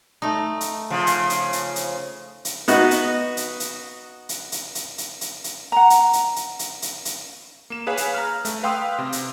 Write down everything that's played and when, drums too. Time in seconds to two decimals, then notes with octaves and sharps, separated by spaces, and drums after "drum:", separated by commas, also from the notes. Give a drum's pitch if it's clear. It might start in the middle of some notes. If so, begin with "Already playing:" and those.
0.22 A3 D#4
0.61 drum: hi-hat
0.90 C#3 F3
1.07 drum: hi-hat
1.30 drum: hi-hat
1.53 drum: hi-hat
1.76 drum: hi-hat
2.45 drum: hi-hat
2.68 B3 D#4 F#4 D#5, drum: hi-hat
2.91 drum: hi-hat
3.37 drum: hi-hat
3.60 drum: hi-hat
4.29 drum: hi-hat
4.52 drum: hi-hat
4.75 drum: hi-hat
4.98 drum: hi-hat
5.21 drum: hi-hat
5.44 drum: hi-hat
5.72 F#5 A#5
5.90 drum: hi-hat
6.13 drum: hi-hat
6.36 drum: hi-hat
6.59 drum: hi-hat
6.82 drum: hi-hat
7.05 drum: hi-hat
7.70 A#3 E7
7.87 G#4 B4 C#5 F5 G#5
7.97 drum: hi-hat
8.14 A#5 F6
8.45 A3, drum: hi-hat
8.63 B4 F5 G5 C6 D#6 E6
8.99 C3
9.12 drum: hi-hat